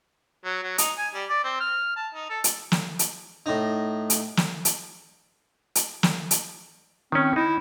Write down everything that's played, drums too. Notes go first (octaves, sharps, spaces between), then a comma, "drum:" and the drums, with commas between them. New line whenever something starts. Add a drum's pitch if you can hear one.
F#3
F#3
D#4, drum: hi-hat
G#5
G3
D5
C4
F6
A5
D#4
A4
drum: hi-hat
drum: snare
drum: hi-hat
A2 D#4
drum: hi-hat
drum: snare
drum: hi-hat
drum: hi-hat
drum: snare
drum: hi-hat
D#3 C4 C#4
D#4 E4